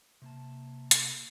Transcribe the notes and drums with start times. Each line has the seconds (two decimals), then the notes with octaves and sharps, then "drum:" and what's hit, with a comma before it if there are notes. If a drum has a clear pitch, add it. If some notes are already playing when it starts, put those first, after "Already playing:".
0.22 C3 A#3 A5
0.91 drum: hi-hat